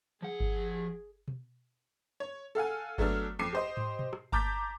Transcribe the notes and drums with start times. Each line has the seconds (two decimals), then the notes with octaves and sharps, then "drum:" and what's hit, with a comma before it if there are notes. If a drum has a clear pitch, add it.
0.22 F3 G#4 F#5
0.40 drum: kick G1
1.28 drum: tom B2
2.20 C#5
2.55 A4 F5 F#5 G#5
2.98 F#3 A3 B3 D4 A4 F6, drum: kick G1
3.39 F2 D6 C7 D#7
3.53 G4 C5 D#5
3.77 drum: tom
3.99 drum: tom B2
4.13 drum: rim click
4.32 A5 A#5 D6 G6 A6 B6, drum: kick G1